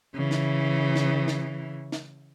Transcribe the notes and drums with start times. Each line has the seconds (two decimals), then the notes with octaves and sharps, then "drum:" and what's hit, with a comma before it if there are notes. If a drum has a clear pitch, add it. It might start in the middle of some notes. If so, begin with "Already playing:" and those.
0.15 C#3 E3
0.31 drum: snare
0.96 drum: snare
1.28 drum: snare
1.92 drum: snare